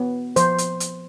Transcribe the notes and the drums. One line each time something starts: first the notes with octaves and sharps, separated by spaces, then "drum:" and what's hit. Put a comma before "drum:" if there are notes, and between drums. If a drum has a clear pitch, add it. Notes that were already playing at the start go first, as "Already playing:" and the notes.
Already playing: B3
F3 C5, drum: hi-hat
drum: hi-hat
drum: hi-hat